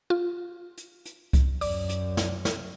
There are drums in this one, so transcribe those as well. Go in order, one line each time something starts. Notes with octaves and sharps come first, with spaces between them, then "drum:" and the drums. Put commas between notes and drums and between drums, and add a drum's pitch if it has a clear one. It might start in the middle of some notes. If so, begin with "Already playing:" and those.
F4
drum: hi-hat
drum: hi-hat
drum: kick C2, hi-hat
F#2 D5 D6, drum: open hi-hat
drum: hi-hat
drum: snare
drum: snare